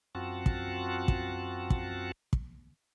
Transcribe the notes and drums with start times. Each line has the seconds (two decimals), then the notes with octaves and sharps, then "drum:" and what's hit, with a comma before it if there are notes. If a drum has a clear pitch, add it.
0.15 F#2 C4 F4 F#4 F#5 A5
0.46 drum: kick
1.08 drum: kick
1.70 drum: kick
2.33 drum: kick